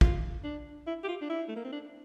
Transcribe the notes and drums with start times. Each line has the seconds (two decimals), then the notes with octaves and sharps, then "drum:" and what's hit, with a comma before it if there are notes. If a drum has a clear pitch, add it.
0.01 F4, drum: kick
0.44 D4
0.87 E4
1.04 G4
1.08 F4
1.21 D4
1.30 E4
1.48 A3
1.56 A#3
1.64 C4
1.72 D4